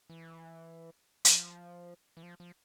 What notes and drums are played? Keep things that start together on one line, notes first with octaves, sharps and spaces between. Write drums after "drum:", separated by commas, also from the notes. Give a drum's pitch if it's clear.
E3
F3, drum: hi-hat
E3
F3
F3